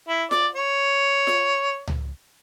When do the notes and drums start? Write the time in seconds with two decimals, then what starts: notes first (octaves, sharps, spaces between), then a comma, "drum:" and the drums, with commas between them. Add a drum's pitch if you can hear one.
0.08 E4
0.31 D5, drum: snare F4
0.54 C#5
1.27 drum: snare F4
1.87 drum: tom C#2